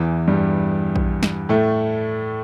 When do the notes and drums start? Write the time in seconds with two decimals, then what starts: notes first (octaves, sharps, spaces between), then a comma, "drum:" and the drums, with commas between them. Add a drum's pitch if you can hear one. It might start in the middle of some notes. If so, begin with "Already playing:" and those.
Already playing: E2 E3
0.28 G2 G3
0.96 drum: kick A#1
1.23 drum: snare
1.49 A2 A3